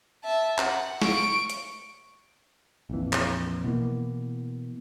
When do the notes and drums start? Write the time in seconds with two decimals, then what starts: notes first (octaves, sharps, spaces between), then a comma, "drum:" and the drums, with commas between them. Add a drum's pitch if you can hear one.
0.24 E5 A5
0.58 F#5, drum: clap
1.02 C#6 D7, drum: snare
1.50 drum: hi-hat
2.90 A#1 F2 E3
3.13 drum: clap
3.64 B2 E3 A#3